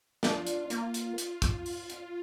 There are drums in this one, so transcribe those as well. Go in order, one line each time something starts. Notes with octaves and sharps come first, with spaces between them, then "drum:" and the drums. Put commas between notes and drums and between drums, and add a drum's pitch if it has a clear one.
D4 F4, drum: snare
drum: hi-hat
A#3 F4, drum: hi-hat
drum: hi-hat
drum: hi-hat
drum: kick, hi-hat
drum: open hi-hat
drum: hi-hat